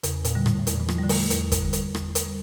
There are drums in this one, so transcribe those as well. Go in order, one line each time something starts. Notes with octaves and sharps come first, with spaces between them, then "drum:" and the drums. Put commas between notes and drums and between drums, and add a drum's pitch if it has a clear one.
E2 C#3, drum: hi-hat
A#2, drum: hi-hat
D3 G3
A2, drum: rim click
A2
E2 A#2, drum: hi-hat
E3
F3, drum: rim click
D3 G3
A3, drum: open hi-hat
E2, drum: hi-hat
drum: kick, hi-hat
D3 G3
drum: hi-hat
E2, drum: rim click
drum: hi-hat
G3